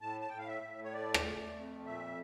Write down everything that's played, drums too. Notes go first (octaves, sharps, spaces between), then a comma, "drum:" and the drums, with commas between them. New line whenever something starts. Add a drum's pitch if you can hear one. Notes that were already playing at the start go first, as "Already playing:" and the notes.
A2 A5
A5
A2 G5
F5
E5
A2
C#5
A3 D5
drum: rim click
A3
F2
A#2 E5